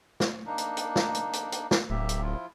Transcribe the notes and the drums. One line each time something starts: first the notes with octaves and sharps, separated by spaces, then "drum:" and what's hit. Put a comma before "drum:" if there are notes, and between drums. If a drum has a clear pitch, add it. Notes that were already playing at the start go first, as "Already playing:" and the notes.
drum: snare
A#3 D4 D#4
drum: hi-hat
drum: hi-hat
drum: snare
drum: hi-hat
drum: hi-hat
drum: hi-hat
drum: snare
D1 A#3 G4 E5
drum: hi-hat
F3 E4 F4